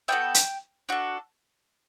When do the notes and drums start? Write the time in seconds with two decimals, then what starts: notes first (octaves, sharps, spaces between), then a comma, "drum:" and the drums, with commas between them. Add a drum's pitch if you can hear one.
0.08 B3 D4 F#4 A4 E5 G5
0.34 drum: hi-hat
0.89 D4 F#4 A4